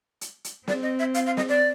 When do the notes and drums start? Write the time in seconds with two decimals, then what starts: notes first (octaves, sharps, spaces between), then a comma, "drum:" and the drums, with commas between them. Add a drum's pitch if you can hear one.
0.21 drum: hi-hat
0.44 drum: hi-hat
0.67 C4 D5, drum: snare
0.83 D#5
0.99 E5
1.14 F5, drum: hi-hat
1.26 F5
1.37 D#5, drum: snare
1.49 D5